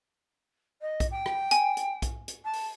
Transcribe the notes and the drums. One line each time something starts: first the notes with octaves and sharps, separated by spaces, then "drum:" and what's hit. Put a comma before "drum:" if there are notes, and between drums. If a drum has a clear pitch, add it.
D#5
drum: kick, hi-hat
G5
drum: rim click
G#5, drum: hi-hat
drum: hi-hat
drum: kick, hi-hat
drum: hi-hat
A5
drum: open hi-hat